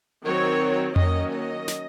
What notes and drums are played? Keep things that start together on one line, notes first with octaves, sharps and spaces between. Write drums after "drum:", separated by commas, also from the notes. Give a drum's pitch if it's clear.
D#3 F#3 C4 C#5
D#3 F#3 A#3 C#4 D#5, drum: tom F2
D#5
drum: snare